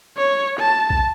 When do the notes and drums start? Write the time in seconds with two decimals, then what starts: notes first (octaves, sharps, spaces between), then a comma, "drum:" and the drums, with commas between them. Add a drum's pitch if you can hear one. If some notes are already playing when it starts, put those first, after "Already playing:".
0.17 C#5
0.59 A5
0.90 drum: kick